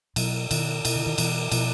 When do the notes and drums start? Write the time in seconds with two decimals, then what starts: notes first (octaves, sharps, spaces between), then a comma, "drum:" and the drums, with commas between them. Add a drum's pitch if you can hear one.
0.16 B2 F#3, drum: cymbal
0.51 B2 D#3, drum: cymbal
0.85 B2, drum: cymbal
0.96 D3
1.06 D#3
1.18 B2 E3, drum: cymbal
1.51 B2 F3, drum: cymbal